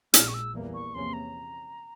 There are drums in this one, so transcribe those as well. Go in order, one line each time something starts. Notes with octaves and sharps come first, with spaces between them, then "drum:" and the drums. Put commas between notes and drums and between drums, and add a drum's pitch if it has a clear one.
A#1 A#2 G#3 F6, drum: hi-hat
C#6
E6
E2 E3 G3 A#3
C#6
E2 C3 F3 A#3 C#4 C6
A#5